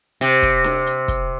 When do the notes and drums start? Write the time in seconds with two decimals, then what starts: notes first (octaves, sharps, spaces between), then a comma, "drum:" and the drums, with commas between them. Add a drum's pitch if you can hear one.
0.21 C3, drum: hi-hat
0.43 drum: kick, hi-hat
0.64 drum: snare D4
0.86 drum: hi-hat
1.08 drum: kick, hi-hat